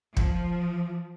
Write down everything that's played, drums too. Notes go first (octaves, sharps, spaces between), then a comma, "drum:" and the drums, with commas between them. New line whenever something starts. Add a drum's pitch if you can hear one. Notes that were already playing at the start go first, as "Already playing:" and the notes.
F3, drum: kick